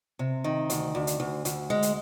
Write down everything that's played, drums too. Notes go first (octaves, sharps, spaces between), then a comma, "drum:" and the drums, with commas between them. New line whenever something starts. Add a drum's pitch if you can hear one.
C3
D#3
D2, drum: hi-hat
D2
drum: hi-hat
D2
D2, drum: hi-hat
G#3
drum: hi-hat